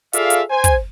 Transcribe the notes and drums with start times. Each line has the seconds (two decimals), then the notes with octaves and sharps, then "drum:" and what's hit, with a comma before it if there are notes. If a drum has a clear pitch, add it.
0.13 F4 G#4 A4 D5 E5 F5, drum: hi-hat
0.30 drum: hi-hat
0.50 C5 G#5
0.64 drum: kick, hi-hat